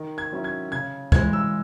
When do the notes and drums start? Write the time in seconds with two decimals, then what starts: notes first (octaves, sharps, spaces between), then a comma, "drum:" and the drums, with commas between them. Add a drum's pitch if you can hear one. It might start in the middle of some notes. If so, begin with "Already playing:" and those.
Already playing: D#3
0.18 G#6
0.32 F#3 C#4 E4
0.44 G#6
0.72 C#3 G#6
1.12 E3 G#3 G#6, drum: kick
1.33 E6